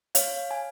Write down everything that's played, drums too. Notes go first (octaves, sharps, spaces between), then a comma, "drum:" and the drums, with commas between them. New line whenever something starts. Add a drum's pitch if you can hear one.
C#5 F5, drum: hi-hat
G#5